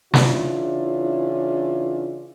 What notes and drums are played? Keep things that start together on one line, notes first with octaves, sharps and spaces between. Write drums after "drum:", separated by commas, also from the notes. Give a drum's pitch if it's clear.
C#3 E3 C#4 D4 E4 F4, drum: snare